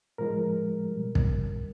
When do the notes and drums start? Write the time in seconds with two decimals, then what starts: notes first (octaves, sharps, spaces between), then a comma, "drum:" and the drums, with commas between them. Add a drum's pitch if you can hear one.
0.18 A2 F3 G#3 A#4
0.91 B2 G3
1.15 drum: kick